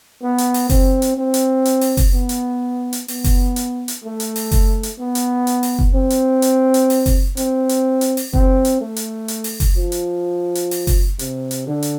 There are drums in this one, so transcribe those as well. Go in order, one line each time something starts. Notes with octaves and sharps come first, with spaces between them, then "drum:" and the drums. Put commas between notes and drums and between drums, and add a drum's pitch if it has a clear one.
B3
drum: hi-hat
drum: open hi-hat
C4, drum: kick F#1, open hi-hat
drum: hi-hat
C4
drum: hi-hat
drum: hi-hat
drum: open hi-hat
drum: kick F#1, open hi-hat
B3
drum: hi-hat
drum: hi-hat
B3, drum: open hi-hat
drum: kick F#1, open hi-hat
drum: hi-hat
drum: hi-hat
A3
drum: hi-hat
drum: open hi-hat
drum: kick F#1, open hi-hat
drum: hi-hat
B3
drum: hi-hat
drum: hi-hat
drum: open hi-hat
drum: kick F#1
C4
drum: hi-hat
drum: hi-hat
drum: hi-hat
drum: open hi-hat
drum: kick F#1, open hi-hat
C4, drum: hi-hat
drum: hi-hat
drum: hi-hat
drum: open hi-hat
C4, drum: kick F#1
drum: hi-hat
A3
drum: hi-hat
drum: hi-hat
drum: open hi-hat
drum: kick F#1, open hi-hat
F3
drum: hi-hat
drum: hi-hat
drum: open hi-hat
drum: kick F#1, open hi-hat
C3, drum: hi-hat
drum: hi-hat
D3
drum: hi-hat